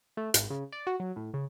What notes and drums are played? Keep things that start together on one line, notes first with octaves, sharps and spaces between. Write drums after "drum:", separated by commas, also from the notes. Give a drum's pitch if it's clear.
A3
G#1, drum: hi-hat
C#3
D5
F#4
F#3
A2
C#3